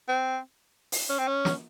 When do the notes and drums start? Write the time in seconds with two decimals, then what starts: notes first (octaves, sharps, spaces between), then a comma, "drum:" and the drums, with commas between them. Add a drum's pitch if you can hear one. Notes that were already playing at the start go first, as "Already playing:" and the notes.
0.09 C4
0.92 drum: open hi-hat
1.09 C#4
1.19 C4
1.28 C#4
1.45 drum: snare